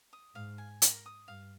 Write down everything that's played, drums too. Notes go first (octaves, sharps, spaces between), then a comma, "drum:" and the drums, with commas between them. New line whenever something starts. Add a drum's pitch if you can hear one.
D#6
G#2 F5
G#5
A#4, drum: hi-hat
D#6
G2 F5